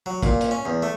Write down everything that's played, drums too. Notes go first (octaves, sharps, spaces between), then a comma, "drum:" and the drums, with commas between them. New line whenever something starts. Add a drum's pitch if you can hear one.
F#3
A#2, drum: kick, hi-hat
drum: hi-hat
C#4
E2
A3